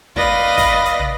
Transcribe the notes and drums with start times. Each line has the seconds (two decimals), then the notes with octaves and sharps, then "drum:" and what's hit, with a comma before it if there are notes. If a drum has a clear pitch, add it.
0.16 B4 D5 D#5 F5 A#6, drum: kick
0.58 drum: kick, open hi-hat
0.85 drum: hi-hat
0.99 drum: tom